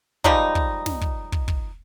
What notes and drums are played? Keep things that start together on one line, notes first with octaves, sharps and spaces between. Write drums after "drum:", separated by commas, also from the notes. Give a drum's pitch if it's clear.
F3 G3 G#3 D#4, drum: kick
drum: kick
drum: snare
drum: kick
drum: kick
drum: kick